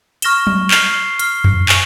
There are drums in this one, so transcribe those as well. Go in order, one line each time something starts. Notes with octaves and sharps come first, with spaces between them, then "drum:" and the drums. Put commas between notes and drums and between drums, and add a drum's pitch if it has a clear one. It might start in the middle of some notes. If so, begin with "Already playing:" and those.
C#6 F6 A#6 E7 G7, drum: hi-hat
drum: tom F#3
F6 C7 G7, drum: clap
F6 C7 G7, drum: hi-hat
drum: tom F2
G#5 C#6 F6, drum: clap